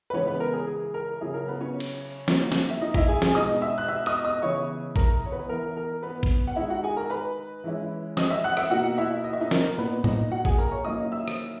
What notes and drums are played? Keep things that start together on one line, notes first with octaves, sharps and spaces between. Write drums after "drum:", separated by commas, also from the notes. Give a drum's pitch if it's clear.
B4
C#3 E3 G#3 B3 C#4 C#5
B3 B4
A#4
G#4
G#4
A#4
C#3 F#3 C#4 E4 G#4
A#4
B3 B4
C#4 C#5
drum: cymbal
D#3 F#3 A#3, drum: snare
drum: snare
E5
D#4 D#5
E4 E5, drum: kick A1
G#4 G#5
G#4 G#5, drum: snare
B2 G#3 D#4 D#5 D#6
E5 E6
F#6
E5 E6
D#5 D#6, drum: hi-hat
D#5 D#6
C#3 E3 B3 E4 C#5 C#6
A#4 A#5, drum: kick A1
C#5
B3 B4
E3 B3 E4 A#4
A#4
B3 B4
drum: kick A1
F#5
D#3 G#3 D#4 E4 E5
F#4 F#5
G#4 G#5
A#4 A#5
B4 B5
E3 G#3 C#4 E4
D#5 D#6, drum: snare
E5 E6
F#5 F#6
E5 E6, drum: rim click
B2 A#3 D#4 F#4 F#5
E4 E5
D#5
E5
D#4 D#5
A#4, drum: snare
A#2 A#3 B3 D#4 B4
D#4 D#5, drum: tom A2
F#4 F#5
G#4 G#5, drum: kick A1
A#4 A#5
C#5 C#6
D#3 F#3 A#3 C#4 E4 D#5 D#6
E5 E6
drum: rim click